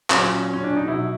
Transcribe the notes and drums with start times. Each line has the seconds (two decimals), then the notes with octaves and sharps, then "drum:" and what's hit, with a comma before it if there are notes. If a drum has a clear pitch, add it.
0.10 A#2 F#3 C#4, drum: clap
0.53 C#4
0.64 D4
0.77 D#4
0.88 B2 F#3 E4